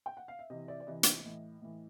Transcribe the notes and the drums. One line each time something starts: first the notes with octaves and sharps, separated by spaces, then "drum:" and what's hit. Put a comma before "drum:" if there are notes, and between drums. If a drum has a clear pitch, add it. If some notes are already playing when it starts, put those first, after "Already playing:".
G5
F#5
F5
E5
C3 E3 D#5
D5 E5
D5
C3 E3 D#5
drum: hi-hat
A2 E3
A2 E3